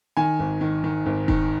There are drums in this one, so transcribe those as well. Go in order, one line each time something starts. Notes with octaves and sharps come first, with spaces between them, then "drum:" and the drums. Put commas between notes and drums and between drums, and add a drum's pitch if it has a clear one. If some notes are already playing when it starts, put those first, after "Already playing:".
D#3 G#5
G#1
D#3
D#3
G#1
D#3, drum: kick F1